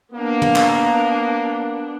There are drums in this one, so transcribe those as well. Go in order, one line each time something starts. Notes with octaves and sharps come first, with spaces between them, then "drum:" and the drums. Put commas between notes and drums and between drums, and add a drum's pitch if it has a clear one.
A#3 B3 D4
drum: tom
drum: clap